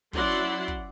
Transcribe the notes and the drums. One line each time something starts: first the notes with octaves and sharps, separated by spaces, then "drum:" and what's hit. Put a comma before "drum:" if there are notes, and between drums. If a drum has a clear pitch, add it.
F#3 C#4 E4 D5 F#5 C6, drum: kick
drum: snare
drum: kick